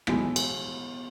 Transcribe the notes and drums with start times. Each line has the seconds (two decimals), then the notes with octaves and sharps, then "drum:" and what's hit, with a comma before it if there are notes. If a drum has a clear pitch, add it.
0.07 B1 A2 E3 G#3 B3, drum: rim click
0.36 drum: cymbal